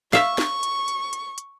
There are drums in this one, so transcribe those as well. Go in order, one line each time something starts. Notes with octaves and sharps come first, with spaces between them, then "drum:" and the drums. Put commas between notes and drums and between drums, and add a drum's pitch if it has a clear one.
E5 F5 C#6, drum: snare
drum: snare
drum: hi-hat
drum: hi-hat
drum: hi-hat
drum: hi-hat